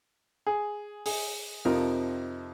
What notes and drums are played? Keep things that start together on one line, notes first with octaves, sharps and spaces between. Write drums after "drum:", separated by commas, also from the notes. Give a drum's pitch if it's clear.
G#4
G#4, drum: open hi-hat
F2 C3 F3 C4 D#4 A#4